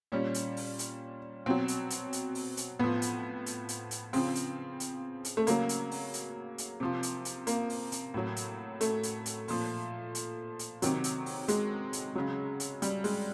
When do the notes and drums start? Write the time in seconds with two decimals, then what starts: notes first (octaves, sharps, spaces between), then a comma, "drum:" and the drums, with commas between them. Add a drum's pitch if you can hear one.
0.12 A#2 G3 C#4
0.34 drum: hi-hat
0.57 drum: open hi-hat
0.79 drum: hi-hat
1.46 B2 F#3 C4
1.68 drum: hi-hat
1.90 drum: hi-hat
2.13 drum: hi-hat
2.35 drum: open hi-hat
2.57 drum: hi-hat
2.79 A2 F3 B3
3.02 drum: hi-hat
3.46 drum: hi-hat
3.69 drum: hi-hat
3.91 drum: hi-hat
4.13 C#3 F3 C4, drum: open hi-hat
4.35 drum: hi-hat
4.80 drum: hi-hat
5.25 drum: hi-hat
5.37 A3
5.47 C#3 F#3 A#3, drum: hi-hat
5.69 drum: hi-hat
5.91 drum: open hi-hat
6.14 drum: hi-hat
6.58 drum: hi-hat
6.80 C3 F3
7.03 drum: hi-hat
7.25 drum: hi-hat
7.47 A#3, drum: hi-hat
7.70 drum: open hi-hat
7.92 drum: hi-hat
8.14 A2 F#3
8.36 drum: hi-hat
8.81 A3, drum: hi-hat
9.03 drum: hi-hat
9.26 drum: hi-hat
9.48 A#2 F3, drum: open hi-hat
10.15 drum: hi-hat
10.59 drum: hi-hat
10.82 C3 D#3 F#3, drum: hi-hat
11.04 drum: hi-hat
11.26 drum: open hi-hat
11.48 G#3, drum: hi-hat
11.93 drum: hi-hat
12.15 C#3 F#3
12.60 drum: hi-hat
12.82 G3, drum: hi-hat
13.04 G#3, drum: open hi-hat